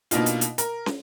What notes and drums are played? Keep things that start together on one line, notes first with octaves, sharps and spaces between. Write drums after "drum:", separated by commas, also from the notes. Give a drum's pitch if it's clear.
B2 A#3 D4 D#4 F4, drum: hi-hat
drum: hi-hat
drum: hi-hat
A#4, drum: hi-hat
drum: snare